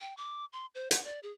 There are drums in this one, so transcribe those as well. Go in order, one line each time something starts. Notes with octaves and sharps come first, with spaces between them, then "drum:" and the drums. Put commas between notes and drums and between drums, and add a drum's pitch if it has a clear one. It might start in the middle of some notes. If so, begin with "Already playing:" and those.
G5
D6
C6
C5
F#5, drum: hi-hat
D5
G#4